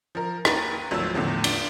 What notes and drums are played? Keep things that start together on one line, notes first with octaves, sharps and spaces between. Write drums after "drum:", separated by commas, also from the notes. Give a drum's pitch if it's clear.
F3 A#4
D#2 A#4 B4 A6, drum: rim click
G#1 D2 F3 F#3 E6
E2 A2 D3 F3
D4, drum: cymbal